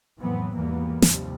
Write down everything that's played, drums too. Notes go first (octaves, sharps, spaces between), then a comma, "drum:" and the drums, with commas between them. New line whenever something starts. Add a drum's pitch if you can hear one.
F2 A2 E3 F#3 B3 C4
G#1 E2 E3 G3 A#3 B3
D#2 C3 F3 G3, drum: snare